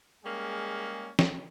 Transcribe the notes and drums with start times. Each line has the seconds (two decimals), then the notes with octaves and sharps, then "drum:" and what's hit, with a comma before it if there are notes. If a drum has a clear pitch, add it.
0.25 G3 G#3 A#3 C#4 G#4
1.19 drum: snare